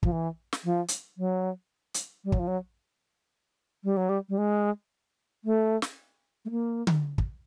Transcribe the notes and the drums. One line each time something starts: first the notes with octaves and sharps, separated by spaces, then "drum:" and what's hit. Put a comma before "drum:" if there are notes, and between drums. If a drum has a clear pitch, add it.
F3, drum: kick
E3
drum: snare
F3
drum: hi-hat
F#3
drum: hi-hat
G3
F#3, drum: kick
F3
F#3
G3
F#3
G3
G3
G#3
A3
drum: snare
A3
A#3
drum: tom D3
drum: kick